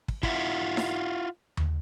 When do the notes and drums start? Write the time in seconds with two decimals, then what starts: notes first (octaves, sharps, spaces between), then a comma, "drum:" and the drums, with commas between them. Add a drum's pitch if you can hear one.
0.08 drum: kick
0.23 E4 F4 E5 F#5, drum: kick
0.77 drum: snare D#4
1.57 drum: tom D#2